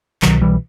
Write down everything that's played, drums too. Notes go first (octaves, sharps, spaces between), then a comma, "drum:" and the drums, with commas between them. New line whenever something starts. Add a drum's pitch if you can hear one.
C2 B2 D#3 F#3, drum: clap
E3 G3